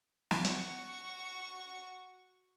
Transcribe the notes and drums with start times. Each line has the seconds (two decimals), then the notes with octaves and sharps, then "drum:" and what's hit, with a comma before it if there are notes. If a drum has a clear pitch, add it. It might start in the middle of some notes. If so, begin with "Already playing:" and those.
0.31 drum: snare
0.45 F#4 C#6, drum: hi-hat